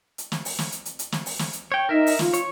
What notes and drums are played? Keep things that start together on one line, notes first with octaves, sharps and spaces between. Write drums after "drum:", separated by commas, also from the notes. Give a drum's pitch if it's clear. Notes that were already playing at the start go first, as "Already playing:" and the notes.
drum: hi-hat
drum: snare
drum: open hi-hat
drum: snare
drum: hi-hat
drum: hi-hat
drum: hi-hat
drum: snare
drum: open hi-hat
drum: snare
drum: hi-hat
C#5 G5
D#4 A#4 E5
drum: open hi-hat
F4, drum: snare
C#5, drum: hi-hat